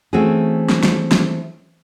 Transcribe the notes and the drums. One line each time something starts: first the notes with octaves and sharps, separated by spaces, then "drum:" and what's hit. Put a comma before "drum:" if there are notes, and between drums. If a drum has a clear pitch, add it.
E3 A3 C4 C#4 F#4 G#4
drum: snare
drum: snare
drum: snare